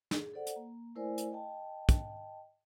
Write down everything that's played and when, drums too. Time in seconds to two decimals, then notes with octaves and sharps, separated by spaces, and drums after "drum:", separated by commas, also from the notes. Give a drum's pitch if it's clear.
0.11 G#4, drum: snare
0.34 A4 C5 D5 F#5
0.47 drum: hi-hat
0.56 A#3
0.95 A3 E4 A#4 C5 D5 G#5
1.18 drum: hi-hat
1.31 D#5 G5 A5
1.89 drum: kick, hi-hat